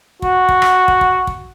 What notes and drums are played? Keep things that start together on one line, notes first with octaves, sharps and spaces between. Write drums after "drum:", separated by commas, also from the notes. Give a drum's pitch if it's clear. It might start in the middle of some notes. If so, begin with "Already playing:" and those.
F#4, drum: kick
drum: kick
drum: rim click
drum: kick
drum: kick
drum: kick